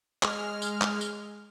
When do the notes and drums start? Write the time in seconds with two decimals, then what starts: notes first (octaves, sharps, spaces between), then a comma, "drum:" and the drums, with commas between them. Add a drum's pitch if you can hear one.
0.23 G#3 F6, drum: clap
0.62 drum: tambourine
0.81 drum: clap
1.01 drum: tambourine